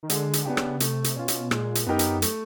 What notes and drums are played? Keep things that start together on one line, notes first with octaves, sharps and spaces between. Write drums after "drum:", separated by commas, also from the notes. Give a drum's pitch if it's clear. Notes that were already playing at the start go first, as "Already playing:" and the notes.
D#3
D3 G#3, drum: hi-hat
drum: hi-hat
C#3 B3 D4 G4
drum: rim click
C3 A3, drum: hi-hat
drum: hi-hat
B2 C#4 F4
drum: hi-hat
A#2 G#3, drum: rim click
drum: hi-hat
F#2 B3 D#4 G4 A#4
drum: hi-hat
A3, drum: hi-hat